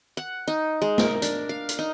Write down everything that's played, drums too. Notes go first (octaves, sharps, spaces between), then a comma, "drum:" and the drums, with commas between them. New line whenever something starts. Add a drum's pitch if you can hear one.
F#5
D#4
G#3
A#4, drum: snare
D4, drum: hi-hat
F5
drum: hi-hat
D#4